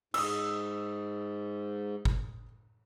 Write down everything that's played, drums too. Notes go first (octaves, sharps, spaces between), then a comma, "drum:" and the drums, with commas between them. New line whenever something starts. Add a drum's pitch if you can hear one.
G#2 D#6 E6, drum: cymbal
drum: kick